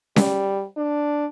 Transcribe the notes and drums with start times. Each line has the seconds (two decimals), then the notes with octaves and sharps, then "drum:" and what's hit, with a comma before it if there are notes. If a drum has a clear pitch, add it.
0.16 G3, drum: snare C#4
0.77 D4